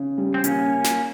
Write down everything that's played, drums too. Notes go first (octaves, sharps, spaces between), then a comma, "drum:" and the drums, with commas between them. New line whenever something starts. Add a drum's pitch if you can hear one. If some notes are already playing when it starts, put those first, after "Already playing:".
Already playing: C#3
G3
C4
C#3 A#3 C#4, drum: hi-hat
drum: snare